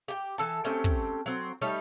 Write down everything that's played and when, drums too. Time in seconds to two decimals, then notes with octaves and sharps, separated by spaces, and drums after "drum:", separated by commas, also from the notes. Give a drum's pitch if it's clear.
0.08 G4 G5
0.38 E3 A4 A5
0.65 A3 C4 C#4 G4
0.84 drum: kick
1.26 F#3 C4
1.61 G3 A3 D#4 C#5